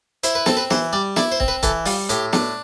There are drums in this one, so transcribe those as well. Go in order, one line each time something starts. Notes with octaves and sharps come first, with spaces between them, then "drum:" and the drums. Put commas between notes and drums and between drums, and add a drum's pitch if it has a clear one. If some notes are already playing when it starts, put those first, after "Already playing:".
E4 C5, drum: hi-hat
B4
C4 A4, drum: snare
B4
E3 C5, drum: snare
G3 D5
E4 D5, drum: snare
C5
C4, drum: kick
B4
E3 A4, drum: kick, hi-hat
G3 F4, drum: open hi-hat
A2 G4, drum: hi-hat
D4, drum: snare